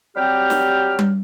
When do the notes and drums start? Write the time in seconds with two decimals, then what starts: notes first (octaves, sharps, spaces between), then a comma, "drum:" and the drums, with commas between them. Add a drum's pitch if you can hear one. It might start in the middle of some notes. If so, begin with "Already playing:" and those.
0.16 F#3 G3 C4 G4 G5 F6
0.50 drum: snare
0.99 drum: tom G3